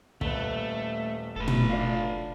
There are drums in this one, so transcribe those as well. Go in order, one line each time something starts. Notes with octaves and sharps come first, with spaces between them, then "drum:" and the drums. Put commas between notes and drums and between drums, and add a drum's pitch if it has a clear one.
D#1 A3 B4, drum: kick
F1 A2 E3 A3 A4 B4
drum: tom
F#1 D4 F4 F5